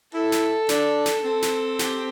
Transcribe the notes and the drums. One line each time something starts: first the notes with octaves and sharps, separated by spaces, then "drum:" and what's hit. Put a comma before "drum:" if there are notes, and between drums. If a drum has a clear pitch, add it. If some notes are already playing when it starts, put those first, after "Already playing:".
E4 A4
drum: snare
D4, drum: snare
drum: snare
C4 A4
drum: snare
G4, drum: snare